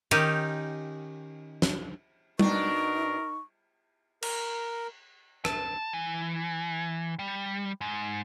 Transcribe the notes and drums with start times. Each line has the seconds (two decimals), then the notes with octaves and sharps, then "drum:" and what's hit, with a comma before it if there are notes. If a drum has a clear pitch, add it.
0.11 D#3 C#4 D#4 G4, drum: cymbal
1.62 drum: snare
2.39 B2 D4 D#4 A#4 C#6, drum: tom G3
4.22 A#4, drum: cymbal
5.45 A5, drum: rim click
5.93 E3
7.19 G3
7.81 G#2